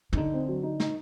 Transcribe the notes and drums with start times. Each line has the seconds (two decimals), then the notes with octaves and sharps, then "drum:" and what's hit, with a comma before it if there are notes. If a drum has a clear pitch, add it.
0.13 D#3, drum: tom
0.17 D3 D#4
0.33 C4
0.48 F#3
0.63 D#4
0.80 D#4, drum: snare